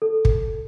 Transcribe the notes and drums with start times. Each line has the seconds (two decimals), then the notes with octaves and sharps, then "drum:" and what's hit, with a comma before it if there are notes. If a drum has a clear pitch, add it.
0.02 A4
0.25 drum: kick